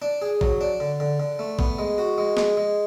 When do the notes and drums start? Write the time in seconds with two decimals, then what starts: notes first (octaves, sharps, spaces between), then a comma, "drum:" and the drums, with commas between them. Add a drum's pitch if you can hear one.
0.02 D4
0.22 G#4
0.41 F#3, drum: kick A1
0.61 D4
0.80 D3
1.00 D3
1.20 D3
1.39 A3
1.59 B3, drum: kick A1
1.79 G#3
1.98 F#4
2.18 G#3
2.37 G#3, drum: snare
2.57 G#3